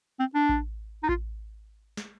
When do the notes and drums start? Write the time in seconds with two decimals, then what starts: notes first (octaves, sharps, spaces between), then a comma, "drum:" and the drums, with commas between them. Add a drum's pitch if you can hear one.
0.20 C4
0.35 D4
0.49 drum: kick A1
1.03 D#4
1.09 F4, drum: kick A1
1.97 drum: snare